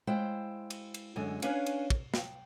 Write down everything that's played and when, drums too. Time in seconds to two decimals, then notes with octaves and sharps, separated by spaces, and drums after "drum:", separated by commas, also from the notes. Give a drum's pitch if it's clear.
0.07 G#3 E4 C5 F5 G5
0.70 drum: cymbal
0.94 drum: cymbal
1.16 F#2 D3 G#3 G#5
1.42 C#4 D4 B4 C#5 F5 G#5, drum: cymbal
1.66 drum: cymbal
1.90 drum: kick
2.14 G5, drum: snare